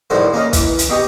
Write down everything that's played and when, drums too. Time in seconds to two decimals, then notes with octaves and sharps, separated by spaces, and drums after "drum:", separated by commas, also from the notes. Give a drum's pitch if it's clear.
0.10 A#1 D#2 A2 G3 F#4 C5
0.33 A#3 C#4 D#4
0.53 E3, drum: kick, hi-hat
0.79 drum: hi-hat
0.90 B2 D#4 G4 G5 C#6